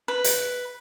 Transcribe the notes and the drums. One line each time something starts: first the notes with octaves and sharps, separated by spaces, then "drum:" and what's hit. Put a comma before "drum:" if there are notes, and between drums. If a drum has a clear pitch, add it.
B4
drum: hi-hat